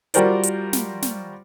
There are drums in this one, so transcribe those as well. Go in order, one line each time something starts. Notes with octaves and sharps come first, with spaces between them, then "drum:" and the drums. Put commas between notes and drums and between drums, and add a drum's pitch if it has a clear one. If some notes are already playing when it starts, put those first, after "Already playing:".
G3 F4 F#4 A#4 C5 D5, drum: hi-hat
drum: hi-hat
drum: snare
drum: snare